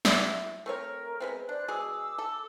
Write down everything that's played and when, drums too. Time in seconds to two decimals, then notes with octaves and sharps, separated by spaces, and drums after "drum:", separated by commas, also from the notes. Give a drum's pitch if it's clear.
0.05 E4 D5 E5, drum: snare
0.66 A3 C4 A#4 C#5
1.20 G#3 B3 C4
1.49 D4 C5 D5 F#6
1.68 B2 G#3 G#4 D6 E6
2.18 A4